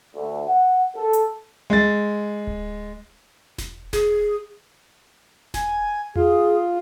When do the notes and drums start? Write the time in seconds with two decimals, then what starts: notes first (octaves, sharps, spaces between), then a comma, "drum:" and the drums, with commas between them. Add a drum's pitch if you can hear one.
0.15 D2
0.49 F#5
0.96 A4
1.13 drum: hi-hat
1.70 G#3 A6
2.47 drum: kick D1
3.58 drum: snare E1
3.93 G#4, drum: snare E1
5.54 G#5, drum: snare E1
6.16 F4 G#4, drum: tom E2